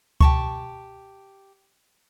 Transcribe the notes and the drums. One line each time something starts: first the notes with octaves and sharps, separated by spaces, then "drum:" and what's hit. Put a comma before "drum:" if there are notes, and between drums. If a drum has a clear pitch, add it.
G4 A5 C#6, drum: kick C#2